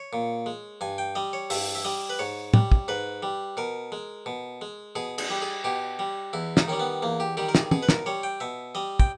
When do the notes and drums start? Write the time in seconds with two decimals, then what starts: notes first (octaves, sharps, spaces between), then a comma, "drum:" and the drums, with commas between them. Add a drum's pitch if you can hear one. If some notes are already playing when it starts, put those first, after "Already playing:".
Already playing: C#5
0.13 A#2
0.46 G#3
0.81 G2 G#5
0.98 G5
1.15 G3 D#5
1.33 C#5
1.50 G2 E5, drum: open hi-hat
1.75 E5
1.84 G3 D#5
2.10 B4
2.19 G#2 C#5
2.54 G3, drum: tom
2.72 drum: kick
2.88 G#2 B4
3.23 G3
3.57 B2 A#4
3.92 G#3
4.26 B2
4.61 G#3
4.95 B2 G#4
5.18 G#4, drum: cymbal
5.30 G3
5.42 G#4
5.64 B2 G4
5.99 G3
6.33 E2 E4
6.57 D#4, drum: snare
6.68 D#3 G3 C#4
6.80 B3
7.02 E2 A#3
7.20 G4
7.37 D#3 G3 G4
7.49 A#4
7.55 G#4, drum: snare
7.71 B2 G#4, drum: tom
7.83 B4
7.89 A#4, drum: snare
8.06 G3 C#5
8.23 G5
8.40 B2 E5
8.75 G3 D#5
9.00 G5, drum: kick